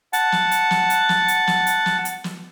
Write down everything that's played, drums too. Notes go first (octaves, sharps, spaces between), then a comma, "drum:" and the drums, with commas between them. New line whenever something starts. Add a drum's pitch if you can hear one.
F#5 A5, drum: hi-hat
drum: snare
drum: hi-hat
drum: snare
drum: hi-hat
drum: snare
drum: hi-hat
drum: snare
drum: hi-hat
drum: snare
drum: hi-hat
drum: snare